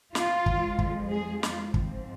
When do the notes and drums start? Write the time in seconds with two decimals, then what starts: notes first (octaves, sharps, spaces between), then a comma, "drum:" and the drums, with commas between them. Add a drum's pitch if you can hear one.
0.15 F4, drum: snare
0.46 F2 F3 G#3, drum: kick
0.79 drum: kick
1.11 G#4
1.43 F4, drum: snare
1.74 G#2 F3 C4, drum: kick